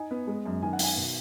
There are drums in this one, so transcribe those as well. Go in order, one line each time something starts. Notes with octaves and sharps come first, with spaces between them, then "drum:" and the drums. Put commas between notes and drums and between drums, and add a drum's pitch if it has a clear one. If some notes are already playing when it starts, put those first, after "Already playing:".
Already playing: D#4 G#5
B3
G#3
F#2
D#3 G#5
F#5
D#3 G#5, drum: open hi-hat
B2